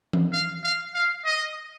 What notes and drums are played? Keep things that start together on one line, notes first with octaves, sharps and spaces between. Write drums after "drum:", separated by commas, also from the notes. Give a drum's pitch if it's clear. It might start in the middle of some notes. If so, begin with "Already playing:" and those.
drum: tom E3
F5
F5
F5
D#5